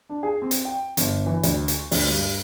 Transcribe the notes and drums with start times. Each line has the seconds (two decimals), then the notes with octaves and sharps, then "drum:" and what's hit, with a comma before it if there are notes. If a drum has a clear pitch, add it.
0.09 D4
0.23 G#4
0.42 C4
0.51 drum: hi-hat
0.65 G5
0.97 G1, drum: hi-hat
1.26 E3
1.43 D2, drum: hi-hat
1.68 C#6, drum: hi-hat
1.91 D2, drum: open hi-hat
2.09 G2